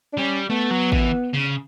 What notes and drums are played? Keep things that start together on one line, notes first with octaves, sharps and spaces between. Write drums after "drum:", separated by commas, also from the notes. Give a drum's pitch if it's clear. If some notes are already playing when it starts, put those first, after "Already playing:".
D4
G3 C#4
A3 B3
F#3
E3, drum: kick
C#3